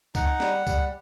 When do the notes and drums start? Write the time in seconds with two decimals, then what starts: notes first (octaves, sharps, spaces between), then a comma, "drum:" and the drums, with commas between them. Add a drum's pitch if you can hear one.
0.15 D#4 F#5, drum: kick C#2, tambourine
0.40 G3, drum: snare
0.67 G3, drum: kick C#2, tambourine